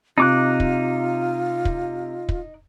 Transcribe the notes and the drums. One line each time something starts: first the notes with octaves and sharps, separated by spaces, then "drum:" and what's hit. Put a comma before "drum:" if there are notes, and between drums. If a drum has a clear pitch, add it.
C3 D#4 F4 D6 F#6
drum: kick
drum: kick
drum: kick